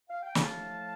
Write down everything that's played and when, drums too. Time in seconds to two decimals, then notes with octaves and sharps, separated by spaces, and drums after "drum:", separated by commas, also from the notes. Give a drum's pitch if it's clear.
0.10 F5
0.22 G5
0.35 A2 F3 A3 F5 A5, drum: snare